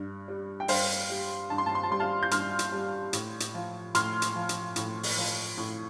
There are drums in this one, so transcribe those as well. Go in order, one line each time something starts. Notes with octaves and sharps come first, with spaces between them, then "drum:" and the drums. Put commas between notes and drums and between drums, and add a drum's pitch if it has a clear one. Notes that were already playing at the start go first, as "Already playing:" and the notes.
Already playing: G2
G3
G5
G2 C5 F5, drum: open hi-hat
G3
G2 A5
C6
A5
C6
A5
G3 C6
F5 A5
G6
G2 C6 F6, drum: hi-hat
drum: hi-hat
G3
A2, drum: hi-hat
drum: hi-hat
F3
A2 C6 F6, drum: hi-hat
drum: hi-hat
F3
drum: hi-hat
A2, drum: hi-hat
drum: open hi-hat
F3
A2